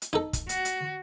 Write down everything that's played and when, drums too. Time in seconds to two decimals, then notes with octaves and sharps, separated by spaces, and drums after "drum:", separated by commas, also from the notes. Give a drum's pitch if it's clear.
0.02 drum: hi-hat
0.13 D#4 A4
0.33 drum: kick, hi-hat
0.49 F#4, drum: hi-hat
0.65 drum: hi-hat